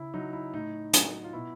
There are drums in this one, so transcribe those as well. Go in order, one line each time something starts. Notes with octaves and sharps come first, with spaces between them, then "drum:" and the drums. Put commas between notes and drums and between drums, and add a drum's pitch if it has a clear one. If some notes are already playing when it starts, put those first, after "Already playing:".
Already playing: C#3 E4
F#3 D#4
E4
A2 D#4
F#3, drum: hi-hat
F4
B2 E4